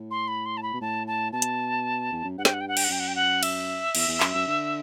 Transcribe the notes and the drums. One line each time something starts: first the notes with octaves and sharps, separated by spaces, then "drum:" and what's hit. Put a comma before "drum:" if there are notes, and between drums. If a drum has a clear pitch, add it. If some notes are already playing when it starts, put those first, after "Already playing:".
Already playing: A2
C6
B5
C6
A5
B5
B2
A2 A5
A5
B2 A5
drum: hi-hat
E2
F#2
G2 F#5
G5, drum: snare
F#5
G5
F#5
G5, drum: cymbal
F#5
F#2 G5
F#5
G5
F#5
E5, drum: cymbal
E2, drum: cymbal
E2
F#2, drum: clap
F#2
D3